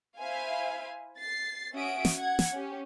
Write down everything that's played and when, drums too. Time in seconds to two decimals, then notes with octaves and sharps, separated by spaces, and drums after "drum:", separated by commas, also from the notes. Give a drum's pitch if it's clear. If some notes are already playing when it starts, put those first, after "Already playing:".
0.18 E4 C5 E5 F5 G#5
1.17 A6 C7
1.73 C#4 F#4 E5 D#6 D7
2.05 drum: snare
2.16 F#5 G#6
2.39 drum: snare
2.53 C#4 G4